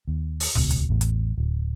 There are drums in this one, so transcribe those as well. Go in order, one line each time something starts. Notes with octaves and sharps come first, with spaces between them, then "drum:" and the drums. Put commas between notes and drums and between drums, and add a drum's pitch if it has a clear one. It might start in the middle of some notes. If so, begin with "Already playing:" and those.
D#2
drum: open hi-hat
D#1 C#2 B2, drum: rim click
drum: hi-hat
A1 E2
drum: hi-hat
D1